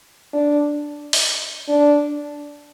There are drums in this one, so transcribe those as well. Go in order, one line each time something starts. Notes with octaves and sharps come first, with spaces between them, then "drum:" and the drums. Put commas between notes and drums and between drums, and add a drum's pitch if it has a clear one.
D4
drum: open hi-hat
D4